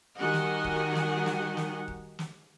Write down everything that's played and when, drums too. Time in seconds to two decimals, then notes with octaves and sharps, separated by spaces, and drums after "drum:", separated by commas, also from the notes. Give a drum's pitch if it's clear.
0.18 D#3 G3 F#4 D#5 F#5 G#5
0.33 drum: snare
0.64 drum: kick D#1
0.95 drum: snare
1.26 drum: snare
1.57 drum: snare
1.88 drum: kick D#1
2.19 drum: snare